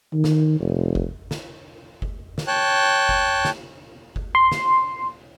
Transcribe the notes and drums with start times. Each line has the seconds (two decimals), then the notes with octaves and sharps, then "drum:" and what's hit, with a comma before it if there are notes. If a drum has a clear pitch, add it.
0.13 D#3
0.24 drum: snare
0.60 F1
0.95 drum: kick F#1
1.31 drum: snare
2.02 drum: kick F#1
2.38 drum: snare
2.47 C#5 G5 A5 F#6
3.09 drum: kick F#1
3.45 drum: snare
4.16 drum: kick F#1
4.35 C6
4.52 drum: snare